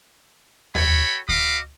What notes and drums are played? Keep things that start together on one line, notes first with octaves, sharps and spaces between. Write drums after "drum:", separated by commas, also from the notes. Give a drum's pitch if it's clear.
F#4 A4 C#5 G5 B5, drum: tom D#2
F#4 D#5 F5 B5 D6, drum: kick D2